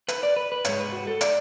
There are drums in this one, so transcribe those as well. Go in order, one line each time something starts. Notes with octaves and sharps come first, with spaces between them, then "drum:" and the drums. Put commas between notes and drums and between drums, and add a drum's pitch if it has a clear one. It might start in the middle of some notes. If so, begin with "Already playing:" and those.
B4, drum: hi-hat
D5
B4
B4
G#2 G#3 C#5, drum: hi-hat
B4
F#4
A4
D5, drum: hi-hat